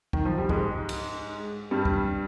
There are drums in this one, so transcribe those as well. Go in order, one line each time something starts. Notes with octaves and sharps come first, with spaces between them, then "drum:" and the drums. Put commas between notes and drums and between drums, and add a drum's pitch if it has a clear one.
D#3, drum: kick
F3
G3
G#2 G#3, drum: kick
drum: cymbal
G2 G3
drum: kick